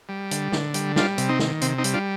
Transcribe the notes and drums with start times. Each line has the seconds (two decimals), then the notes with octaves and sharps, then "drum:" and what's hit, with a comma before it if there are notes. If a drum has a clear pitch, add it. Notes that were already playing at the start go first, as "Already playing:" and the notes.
0.09 G3
0.31 D3, drum: hi-hat
0.52 D3, drum: snare
0.74 G3, drum: hi-hat
0.96 G3 D4 F4, drum: snare
1.18 C3, drum: hi-hat
1.29 C4 D#4
1.39 D#3, drum: snare
1.61 C3 C4, drum: hi-hat
1.78 C4 D#4
1.84 G3, drum: hi-hat
1.94 D4 F4